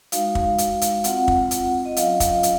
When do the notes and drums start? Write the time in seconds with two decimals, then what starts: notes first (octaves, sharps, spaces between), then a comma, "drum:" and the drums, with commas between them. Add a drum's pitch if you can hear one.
0.12 G#3 D#4 F#4 F5, drum: hi-hat
0.35 drum: kick
0.58 drum: hi-hat
0.81 drum: hi-hat
1.04 C4 F4 F#5, drum: hi-hat
1.28 drum: kick
1.51 drum: hi-hat
1.85 D#5
1.97 F#3 C#4 F4 F5, drum: hi-hat
2.20 drum: kick, hi-hat
2.43 F5, drum: hi-hat